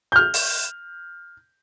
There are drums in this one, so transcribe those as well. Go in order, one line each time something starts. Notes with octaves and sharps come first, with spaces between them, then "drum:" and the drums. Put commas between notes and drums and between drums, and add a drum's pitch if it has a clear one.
F6 G6
drum: open hi-hat